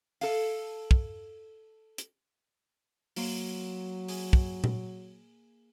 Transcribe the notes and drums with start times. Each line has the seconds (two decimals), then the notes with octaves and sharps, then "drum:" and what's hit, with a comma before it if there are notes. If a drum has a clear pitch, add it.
0.21 A4 F5, drum: open hi-hat
0.91 drum: kick
1.98 drum: hi-hat
3.16 F#3 A#3 C6, drum: open hi-hat
4.08 G#4, drum: open hi-hat
4.33 drum: kick
4.64 drum: tom A#2